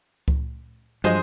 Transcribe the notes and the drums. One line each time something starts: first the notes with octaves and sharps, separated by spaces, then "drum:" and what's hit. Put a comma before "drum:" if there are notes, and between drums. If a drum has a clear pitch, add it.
drum: kick C#2
G2 F3 F#3 G#3 G#4 C5 D#5